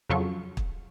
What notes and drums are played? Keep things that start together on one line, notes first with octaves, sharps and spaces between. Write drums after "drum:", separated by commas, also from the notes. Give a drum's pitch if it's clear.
F2 C#3 F#3 F4 A4 C#6
drum: kick